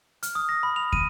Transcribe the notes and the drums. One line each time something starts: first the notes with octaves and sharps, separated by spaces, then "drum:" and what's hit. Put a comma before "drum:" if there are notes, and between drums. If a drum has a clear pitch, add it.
F6, drum: hi-hat
D#6
A#6
B5
F7
D#7, drum: kick